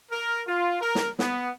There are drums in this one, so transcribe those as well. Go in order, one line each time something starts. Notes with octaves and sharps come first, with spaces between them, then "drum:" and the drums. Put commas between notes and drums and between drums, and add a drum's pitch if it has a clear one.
A#4
F4
A#4
drum: snare
B3, drum: snare